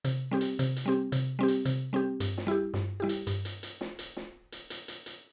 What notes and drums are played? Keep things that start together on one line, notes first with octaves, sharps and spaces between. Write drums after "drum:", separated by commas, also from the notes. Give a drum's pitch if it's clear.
C3, drum: hi-hat
G3 C4 G4
drum: hi-hat
C3, drum: hi-hat
drum: hi-hat
G3 C4 G4
C3, drum: hi-hat
G3 C4 G4
drum: hi-hat
C3, drum: hi-hat
G3 C4 G4
G2, drum: hi-hat
drum: snare
G3 E4 G4
G2, drum: snare
G3 E4 G4
drum: hi-hat
G2, drum: hi-hat
drum: hi-hat
drum: hi-hat
drum: snare
drum: hi-hat
drum: snare
drum: hi-hat
drum: hi-hat
drum: hi-hat
drum: hi-hat